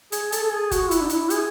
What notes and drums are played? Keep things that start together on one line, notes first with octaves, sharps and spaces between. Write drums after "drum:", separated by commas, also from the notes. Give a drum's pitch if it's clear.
G#4, drum: hi-hat
A4, drum: hi-hat
A4
G#4
F#4, drum: kick F#1, hi-hat
E4, drum: hi-hat
D4
E4, drum: hi-hat
G#4, drum: hi-hat